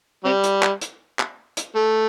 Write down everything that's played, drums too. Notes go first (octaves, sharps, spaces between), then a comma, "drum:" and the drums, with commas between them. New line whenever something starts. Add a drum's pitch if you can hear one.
C3 G3
drum: hi-hat
drum: clap
drum: hi-hat
drum: clap
drum: hi-hat
A3